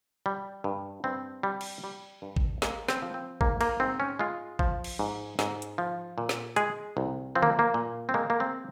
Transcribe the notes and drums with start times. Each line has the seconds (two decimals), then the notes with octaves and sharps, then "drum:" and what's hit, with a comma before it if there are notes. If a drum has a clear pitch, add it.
0.26 G3
0.64 G2
1.04 G2 C4
1.43 G3
1.61 drum: cymbal
1.84 G3
2.22 G2
2.36 drum: kick G#1
2.62 G#3 A#3, drum: snare
2.88 C4, drum: snare
3.02 F3
3.14 C4
3.41 G#2 A#3, drum: kick G#1
3.61 A#3, drum: cymbal
3.80 G#2 C4
4.00 C#4
4.19 G#3 F4
4.59 F3, drum: kick G#1
4.84 drum: cymbal
4.99 G#2
5.39 G#2, drum: snare
5.62 drum: hi-hat
5.78 F3
6.18 A#2
6.29 drum: snare
6.56 G#3 G#4, drum: hi-hat
6.97 C2
7.35 F3 C4
7.43 A#3, drum: tom D3
7.59 A#3
7.74 A#2
8.09 C4
8.14 G#3 A#3
8.30 A#3
8.40 C4